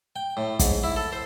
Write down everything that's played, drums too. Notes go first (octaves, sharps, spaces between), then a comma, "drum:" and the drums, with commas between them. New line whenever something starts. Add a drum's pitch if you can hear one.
G5
A2
G#2, drum: kick, hi-hat
E4
A4
C5